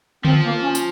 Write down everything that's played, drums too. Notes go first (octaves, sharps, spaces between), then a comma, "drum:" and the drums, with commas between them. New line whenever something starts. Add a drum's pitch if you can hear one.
F3 C4, drum: tom D3
A#3
C#4
drum: tambourine